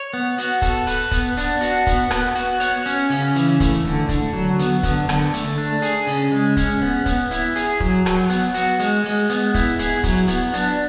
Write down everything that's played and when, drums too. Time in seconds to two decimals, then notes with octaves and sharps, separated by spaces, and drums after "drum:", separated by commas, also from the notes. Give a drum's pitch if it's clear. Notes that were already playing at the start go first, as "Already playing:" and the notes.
Already playing: C#5
0.13 B3
0.38 F#4, drum: hi-hat
0.62 A4, drum: kick, hi-hat
0.87 B4, drum: hi-hat
1.11 B3, drum: kick, hi-hat
1.37 D4, drum: hi-hat
1.61 F#4, drum: hi-hat
1.87 B3, drum: kick, hi-hat
2.11 B3, drum: rim click
2.36 F#4, drum: hi-hat
2.60 C#5, drum: hi-hat
2.86 C#4, drum: hi-hat
3.10 C#3, drum: open hi-hat
3.35 E3, drum: hi-hat
3.60 A3, drum: kick, hi-hat
3.85 D3
4.09 D3, drum: kick, hi-hat
4.33 F#3
4.59 B3, drum: hi-hat
4.83 D3, drum: kick, hi-hat
5.09 D3, drum: rim click
5.34 A3, drum: hi-hat
5.58 D4
5.82 G#4, drum: hi-hat
6.07 C#3, drum: open hi-hat
6.32 G#3
6.57 C#4, drum: kick, hi-hat
6.82 B3
7.06 B3, drum: kick, hi-hat
7.31 E4, drum: hi-hat
7.56 G#4, drum: hi-hat
7.80 F#3, drum: kick
8.06 F#3, drum: rim click
8.30 B3, drum: hi-hat
8.54 F#4, drum: hi-hat
8.79 G#3, drum: hi-hat
9.04 G#3, drum: open hi-hat
9.30 B3, drum: hi-hat
9.54 E4, drum: kick, hi-hat
9.79 G#4, drum: hi-hat
10.03 F#3, drum: kick, hi-hat
10.28 B3, drum: hi-hat
10.54 D4, drum: hi-hat